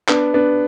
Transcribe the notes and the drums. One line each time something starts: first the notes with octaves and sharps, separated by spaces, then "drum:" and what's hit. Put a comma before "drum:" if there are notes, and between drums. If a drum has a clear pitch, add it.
B3 D4, drum: clap
B3 D4